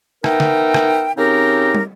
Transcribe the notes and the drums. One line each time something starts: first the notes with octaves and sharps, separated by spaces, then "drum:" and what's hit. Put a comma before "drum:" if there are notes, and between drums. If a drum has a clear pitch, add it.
B3 D#4 A#4 E5 G5, drum: rim click
drum: snare D3
drum: rim click
C#3 C4 D#4 G4 A#4
drum: tom